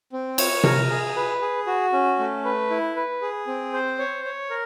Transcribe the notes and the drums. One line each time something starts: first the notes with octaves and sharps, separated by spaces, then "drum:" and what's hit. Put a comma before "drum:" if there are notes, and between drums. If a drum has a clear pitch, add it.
C4
C#5, drum: cymbal
A#4, drum: tom C3
G#4
B4
G#4
F#4
C#4
A3
B4
E4
B4
G#4
C4
C5
C#5
C#5
A#4